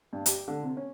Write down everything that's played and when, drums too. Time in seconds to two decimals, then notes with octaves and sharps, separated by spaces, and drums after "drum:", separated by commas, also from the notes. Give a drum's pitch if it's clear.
0.13 G2
0.26 G4, drum: hi-hat
0.48 D3
0.63 C3
0.77 C#4